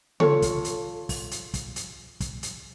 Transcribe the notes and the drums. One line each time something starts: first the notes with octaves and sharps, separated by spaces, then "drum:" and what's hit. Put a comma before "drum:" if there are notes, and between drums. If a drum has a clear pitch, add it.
F4 A4 C#5, drum: tom C#3
drum: kick, hi-hat
drum: hi-hat
drum: kick, open hi-hat
drum: hi-hat
drum: kick, hi-hat
drum: hi-hat
drum: kick, hi-hat
drum: hi-hat